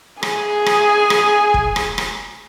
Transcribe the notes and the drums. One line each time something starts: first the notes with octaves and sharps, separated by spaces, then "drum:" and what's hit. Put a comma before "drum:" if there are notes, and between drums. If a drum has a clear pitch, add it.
G#4 G#5, drum: rim click
drum: rim click
drum: rim click
drum: kick
drum: rim click
drum: rim click